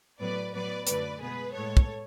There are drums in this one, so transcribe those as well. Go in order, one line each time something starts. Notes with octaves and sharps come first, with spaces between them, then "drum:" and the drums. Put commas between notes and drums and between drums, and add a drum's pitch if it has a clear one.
A2 F#3 B3 B4 D5
A2 F#3 B3 B4 D5
F#2 D3 F#3 A3 B4 D5, drum: hi-hat
B2 G#3 B3 G#4 B4
A2 G#3 B3 A4 C#5
drum: kick